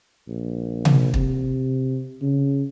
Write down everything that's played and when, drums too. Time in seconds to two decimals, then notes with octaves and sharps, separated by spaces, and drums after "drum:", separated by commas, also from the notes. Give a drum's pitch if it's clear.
0.28 A#1
0.85 drum: tom C3
1.14 C3, drum: kick
2.21 C#3